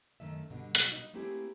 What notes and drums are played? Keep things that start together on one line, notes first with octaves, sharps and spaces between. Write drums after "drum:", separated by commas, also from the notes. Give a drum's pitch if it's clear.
F#2 D#3 A3 E5
G2 B2 D3
B2 F#3 A#3, drum: hi-hat
D#4
A3 A#3 C4 E4 G4 G#4